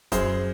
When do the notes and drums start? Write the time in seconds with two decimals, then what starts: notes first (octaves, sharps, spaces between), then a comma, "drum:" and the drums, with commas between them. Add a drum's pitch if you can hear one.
0.12 F#2 G#4 C5, drum: kick C#1, hi-hat